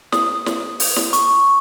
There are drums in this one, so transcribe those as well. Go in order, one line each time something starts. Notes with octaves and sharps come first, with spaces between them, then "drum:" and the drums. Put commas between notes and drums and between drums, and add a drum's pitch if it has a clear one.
D#6, drum: snare
drum: snare
drum: open hi-hat
drum: snare
C#6, drum: hi-hat